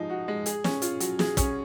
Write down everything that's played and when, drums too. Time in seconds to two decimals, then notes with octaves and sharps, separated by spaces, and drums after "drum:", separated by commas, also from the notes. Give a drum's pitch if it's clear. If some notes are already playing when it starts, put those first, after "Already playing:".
Already playing: F3 G#3 D#4
0.10 F#4
0.28 G#3
0.46 G#4, drum: hi-hat
0.64 C#4, drum: snare
0.82 F4, drum: hi-hat
1.00 F#3, drum: hi-hat
1.19 G#4, drum: snare
1.37 C#4, drum: kick, hi-hat